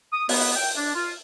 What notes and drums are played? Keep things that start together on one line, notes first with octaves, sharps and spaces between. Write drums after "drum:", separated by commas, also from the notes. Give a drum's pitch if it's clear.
D#6
B3, drum: open hi-hat
G5
D4
F4